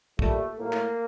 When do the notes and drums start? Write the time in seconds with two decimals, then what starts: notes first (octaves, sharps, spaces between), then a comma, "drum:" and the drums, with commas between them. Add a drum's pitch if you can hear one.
0.19 A#2 G3 A3, drum: kick
0.59 A2 F#3 A#3
0.73 drum: clap